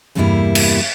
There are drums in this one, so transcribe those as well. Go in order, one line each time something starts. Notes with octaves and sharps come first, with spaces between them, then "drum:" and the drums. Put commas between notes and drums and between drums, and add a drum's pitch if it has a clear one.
E2 G2 C3 G3 A#3 E4
drum: cymbal